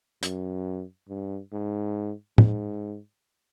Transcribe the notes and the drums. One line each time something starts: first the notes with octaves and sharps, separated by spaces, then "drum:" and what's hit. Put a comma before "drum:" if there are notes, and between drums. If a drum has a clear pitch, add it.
F#2, drum: hi-hat
G2
G#2
G#2, drum: tom